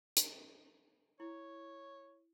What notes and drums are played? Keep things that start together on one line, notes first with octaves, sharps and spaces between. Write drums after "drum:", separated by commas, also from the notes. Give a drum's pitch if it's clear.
drum: hi-hat
E4 C#5